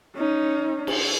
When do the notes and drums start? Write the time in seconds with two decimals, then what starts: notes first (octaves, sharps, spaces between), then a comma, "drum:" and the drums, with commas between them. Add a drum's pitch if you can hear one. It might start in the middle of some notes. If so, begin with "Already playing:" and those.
0.16 C#4 D#4
0.87 drum: cymbal